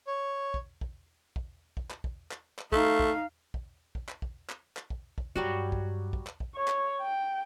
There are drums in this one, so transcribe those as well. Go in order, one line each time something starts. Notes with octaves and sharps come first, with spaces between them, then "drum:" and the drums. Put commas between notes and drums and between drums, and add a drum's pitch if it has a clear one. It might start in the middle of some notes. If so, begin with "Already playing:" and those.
C#5
drum: kick
drum: kick
drum: kick
drum: kick
drum: clap
drum: kick
drum: clap
drum: clap
A3 D#4 F5, drum: kick
drum: kick
drum: kick
drum: kick
drum: clap
drum: kick
drum: clap
drum: clap
drum: kick
drum: kick
G2 F#3 G3 F#4
drum: kick
drum: kick
drum: clap
drum: kick
C#5
drum: clap
G5